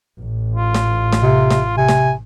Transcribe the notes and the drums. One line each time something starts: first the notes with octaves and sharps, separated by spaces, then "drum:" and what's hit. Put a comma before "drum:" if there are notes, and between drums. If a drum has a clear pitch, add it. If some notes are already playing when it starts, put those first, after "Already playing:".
A1
F4
drum: snare
drum: snare
C3
drum: snare
C3 G#5
drum: snare